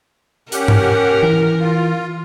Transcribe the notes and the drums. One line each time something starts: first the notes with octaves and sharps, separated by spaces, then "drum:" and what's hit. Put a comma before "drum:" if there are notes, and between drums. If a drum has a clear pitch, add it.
C#4 G4 A#4 F#5, drum: hi-hat
drum: tom G#2
E3
F4